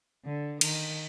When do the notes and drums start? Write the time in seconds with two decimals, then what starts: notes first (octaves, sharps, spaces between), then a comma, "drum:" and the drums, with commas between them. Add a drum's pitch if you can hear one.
0.25 D3
0.61 D#3, drum: cymbal